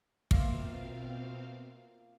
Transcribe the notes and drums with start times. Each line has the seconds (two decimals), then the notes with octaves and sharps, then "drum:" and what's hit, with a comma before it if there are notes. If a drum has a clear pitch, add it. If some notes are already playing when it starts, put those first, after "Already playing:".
0.31 B2 A#3 C4 F4 E5 F5, drum: kick